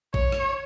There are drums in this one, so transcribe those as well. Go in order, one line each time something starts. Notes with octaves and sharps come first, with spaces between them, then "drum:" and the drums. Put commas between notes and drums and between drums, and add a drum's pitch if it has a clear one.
C#5, drum: kick A1
drum: rim click